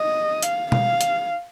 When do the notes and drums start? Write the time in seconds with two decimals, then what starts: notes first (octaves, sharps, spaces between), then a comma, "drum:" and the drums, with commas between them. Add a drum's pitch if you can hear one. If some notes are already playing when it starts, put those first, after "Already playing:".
Already playing: D#5
0.43 F5, drum: hi-hat
0.72 F5, drum: tom B2
1.01 drum: hi-hat